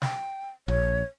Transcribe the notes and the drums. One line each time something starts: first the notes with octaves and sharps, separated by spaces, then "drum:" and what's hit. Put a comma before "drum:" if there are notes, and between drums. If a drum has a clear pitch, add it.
G5, drum: snare
A#1 C#5, drum: tom A#1